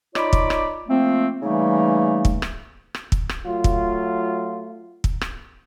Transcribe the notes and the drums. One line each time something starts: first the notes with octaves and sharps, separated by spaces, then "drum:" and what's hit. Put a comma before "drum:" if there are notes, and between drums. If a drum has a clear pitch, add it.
D#4 F4 C#5 D5 B5 D6, drum: rim click
drum: kick
drum: rim click
F3 A3 A#3 C4
C#3 E3 G3 A3 A#3 D#4
drum: kick
drum: rim click
drum: rim click
drum: kick
drum: rim click
F#3 A3 F4
drum: kick
drum: kick
drum: rim click